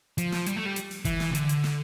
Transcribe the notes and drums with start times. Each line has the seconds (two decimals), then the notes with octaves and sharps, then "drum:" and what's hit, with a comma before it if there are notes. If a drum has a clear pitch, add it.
0.18 F3, drum: hi-hat
0.32 drum: snare
0.46 G3, drum: hi-hat
0.56 A3
0.66 G3
0.76 drum: hi-hat
0.91 drum: open hi-hat
1.05 E3, drum: kick F1, hi-hat
1.20 drum: snare
1.31 C3
1.35 D3, drum: hi-hat
1.49 drum: hi-hat
1.64 drum: snare